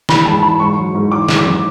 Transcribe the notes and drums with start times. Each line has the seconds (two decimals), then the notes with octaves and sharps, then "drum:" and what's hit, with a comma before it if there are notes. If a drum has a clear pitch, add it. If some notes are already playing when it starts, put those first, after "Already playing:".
0.09 E3 B5, drum: snare
0.26 G#2 A5
0.43 E3 B5
0.60 G#2 C#6
0.78 F#3
0.95 G#2
1.11 E3 D6
1.29 E3, drum: snare
1.37 D6
1.45 F#2